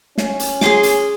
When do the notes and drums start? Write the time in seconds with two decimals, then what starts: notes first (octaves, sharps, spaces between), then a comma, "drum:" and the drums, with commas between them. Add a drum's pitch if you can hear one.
0.18 C#4, drum: snare
0.40 drum: hi-hat
0.61 G#4 C6 D6, drum: snare
0.83 drum: hi-hat